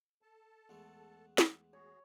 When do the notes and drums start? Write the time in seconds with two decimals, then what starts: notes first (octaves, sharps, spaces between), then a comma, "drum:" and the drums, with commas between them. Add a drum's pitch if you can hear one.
0.22 A4 A5
0.69 E2 G#3 A3 F#5
1.38 drum: snare
1.73 F#4 G#4 C#5